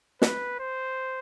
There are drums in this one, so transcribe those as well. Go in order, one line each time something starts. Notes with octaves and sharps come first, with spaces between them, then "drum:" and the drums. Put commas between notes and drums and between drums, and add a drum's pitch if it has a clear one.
B4, drum: snare
C5